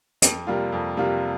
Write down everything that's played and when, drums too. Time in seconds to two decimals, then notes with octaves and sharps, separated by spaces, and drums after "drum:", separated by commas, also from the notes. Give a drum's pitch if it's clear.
0.22 F2, drum: hi-hat
0.47 C3 G3 A#3 F4
0.72 F2
0.97 C3 G3 A#3 F4